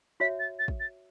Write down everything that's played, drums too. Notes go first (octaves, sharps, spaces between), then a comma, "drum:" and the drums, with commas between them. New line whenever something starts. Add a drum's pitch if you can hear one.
F#4 C#5 E5 B6
A6
A6
drum: kick
A6